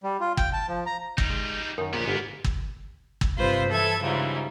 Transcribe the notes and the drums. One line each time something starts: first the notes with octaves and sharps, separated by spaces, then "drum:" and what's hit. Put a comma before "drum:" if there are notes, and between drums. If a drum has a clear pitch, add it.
G3
F4
G5, drum: kick G1
A5
F3
A#5
G3 D#4, drum: kick G1
G#3
F#2 D#3 A#4
A#1 A#2 A#3 B3 G4
G1 G#2 A#3 B3
drum: kick G1
drum: kick G1
G2 C3 F4 B4 C5
E3 A4 E5 A5 G#6
G#2 C#3 E3 G3 F4